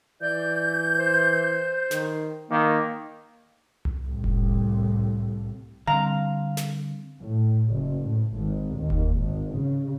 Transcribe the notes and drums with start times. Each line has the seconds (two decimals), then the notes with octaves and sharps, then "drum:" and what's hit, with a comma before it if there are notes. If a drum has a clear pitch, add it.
0.22 E3 D5 G6
0.99 C5
1.91 D#3, drum: snare
2.51 D#3 A#3
3.85 drum: tom C2
4.06 C2 A2
4.24 drum: kick F1
5.88 D3 G3 C4 F5 A#5 C6
6.57 drum: snare
7.20 A2
7.72 F#1
8.04 A2
8.35 G#1
8.77 D#2
8.90 drum: kick F1
9.19 G#1
9.56 C#3